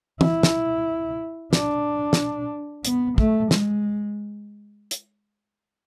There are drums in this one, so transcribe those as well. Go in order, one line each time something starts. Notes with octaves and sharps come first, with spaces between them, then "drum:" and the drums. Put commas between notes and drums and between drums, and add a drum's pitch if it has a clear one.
E4, drum: tom
drum: snare
D4, drum: snare
drum: snare
B3, drum: hi-hat
A3, drum: kick
G#3, drum: snare
drum: hi-hat